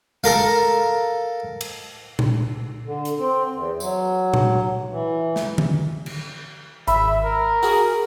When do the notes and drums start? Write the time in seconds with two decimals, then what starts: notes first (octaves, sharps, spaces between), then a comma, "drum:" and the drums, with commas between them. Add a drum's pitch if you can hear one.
0.24 A4 A#4 F5, drum: snare
1.61 drum: cymbal
2.19 drum: tom A#2
2.85 D3
3.05 drum: hi-hat
3.19 C4
3.55 E2
3.80 F#3, drum: tambourine
4.34 drum: tom A#2
4.91 E3
5.36 drum: snare
5.58 drum: tom D3
6.06 drum: cymbal
6.88 G#1 E5 B5, drum: hi-hat
7.25 A#4
7.63 F#4 G#4, drum: open hi-hat